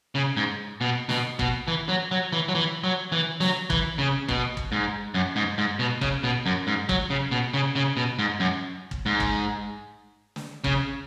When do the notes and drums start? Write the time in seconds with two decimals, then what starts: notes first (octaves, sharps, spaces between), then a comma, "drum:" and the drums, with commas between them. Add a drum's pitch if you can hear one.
0.15 C#3
0.37 G#2
0.81 B2
1.09 B2, drum: snare
1.39 B2, drum: kick
1.68 E3
1.89 F#3
2.11 F#3
2.33 E3
2.48 F#3
2.55 E3
2.84 F#3
3.12 E3
3.41 F#3, drum: snare
3.70 E3, drum: kick
3.98 C#3
4.29 B2, drum: kick
4.57 drum: kick
4.72 G#2
5.14 F#2
5.36 G#2
5.58 G#2
5.79 B2
6.01 C#3, drum: kick
6.24 B2
6.46 F#2
6.67 G#2
6.89 F#3, drum: kick
7.10 C#3
7.31 B2
7.54 C#3
7.76 C#3
7.97 B2
8.19 G#2
8.40 F#2
8.91 drum: kick
9.06 G#2
9.20 drum: kick
10.36 drum: snare
10.64 C#3, drum: kick